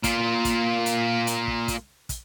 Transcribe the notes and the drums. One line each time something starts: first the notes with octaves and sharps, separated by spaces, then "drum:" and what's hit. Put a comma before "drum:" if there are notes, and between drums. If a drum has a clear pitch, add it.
A#3 F4, drum: kick, hi-hat
drum: kick, hi-hat
drum: hi-hat
drum: hi-hat
drum: kick
drum: kick, hi-hat
drum: kick, hi-hat